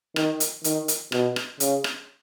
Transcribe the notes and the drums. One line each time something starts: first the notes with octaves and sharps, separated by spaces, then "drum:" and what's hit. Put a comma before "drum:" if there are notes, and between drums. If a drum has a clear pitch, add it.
D#3, drum: rim click
drum: hi-hat
D#3, drum: hi-hat
drum: hi-hat
B2, drum: rim click
drum: rim click
C#3, drum: hi-hat
drum: rim click